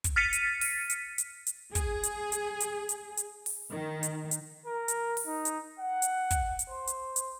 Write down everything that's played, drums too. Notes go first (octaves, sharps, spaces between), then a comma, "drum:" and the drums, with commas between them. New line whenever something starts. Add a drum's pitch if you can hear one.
drum: kick, hi-hat
F6 A6 B6 C#7 D#7
drum: hi-hat
drum: open hi-hat
drum: hi-hat
drum: hi-hat
drum: hi-hat
G#4, drum: kick, hi-hat
drum: hi-hat
drum: hi-hat
drum: hi-hat
drum: hi-hat
drum: hi-hat
drum: open hi-hat
D#3
drum: hi-hat
drum: hi-hat
A#4
drum: hi-hat
drum: open hi-hat
D#4
drum: hi-hat
F#5
drum: hi-hat
drum: kick, hi-hat
drum: hi-hat
C5
drum: hi-hat
drum: hi-hat